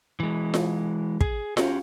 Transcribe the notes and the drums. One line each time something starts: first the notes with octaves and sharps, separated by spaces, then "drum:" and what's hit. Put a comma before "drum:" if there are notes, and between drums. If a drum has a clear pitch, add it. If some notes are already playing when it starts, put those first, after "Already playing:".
E3 G#3
drum: snare F4
G#4, drum: kick
C#4 F#4 G4, drum: snare F4